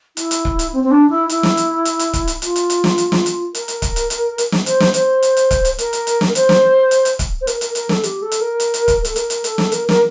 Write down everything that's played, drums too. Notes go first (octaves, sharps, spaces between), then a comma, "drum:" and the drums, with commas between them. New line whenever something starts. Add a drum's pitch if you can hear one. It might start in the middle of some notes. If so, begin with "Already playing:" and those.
E4, drum: hi-hat
drum: hi-hat
drum: kick C#1
drum: hi-hat
C4
C4
D4
E4
E4, drum: hi-hat
drum: snare
drum: hi-hat
drum: hi-hat
drum: hi-hat
drum: kick C#1, hi-hat
drum: hi-hat
F4, drum: hi-hat
drum: hi-hat
drum: hi-hat
drum: snare
drum: hi-hat
drum: snare
drum: hi-hat
A#4, drum: hi-hat
drum: hi-hat
drum: kick C#1, hi-hat
drum: hi-hat
drum: hi-hat
drum: hi-hat
drum: snare
C5, drum: hi-hat
drum: snare
C5, drum: hi-hat
drum: hi-hat
drum: hi-hat
drum: kick C#1, hi-hat
drum: hi-hat
A#4, drum: hi-hat
drum: hi-hat
drum: hi-hat
drum: snare
C5, drum: hi-hat
drum: snare
drum: hi-hat
drum: hi-hat
drum: kick C#1, hi-hat
C5
A#4, drum: hi-hat
A#4, drum: hi-hat
A#4, drum: hi-hat
A4, drum: snare
G4, drum: hi-hat
A4
drum: hi-hat
A#4
drum: hi-hat
drum: hi-hat
drum: kick C#1, hi-hat
A4, drum: hi-hat
A#4, drum: hi-hat
drum: hi-hat
A4, drum: hi-hat
drum: snare
A#4, drum: hi-hat
A#4, drum: snare